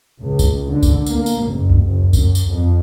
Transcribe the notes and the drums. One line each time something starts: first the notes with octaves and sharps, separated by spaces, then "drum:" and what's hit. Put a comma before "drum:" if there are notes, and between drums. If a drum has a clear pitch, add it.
C#2
drum: kick C#2, tambourine
D3
drum: kick C#2, tambourine
A#3, drum: tambourine
drum: tambourine
F#1
drum: kick C#2
F#1
F#2, drum: kick C#2, tambourine
drum: tambourine
F2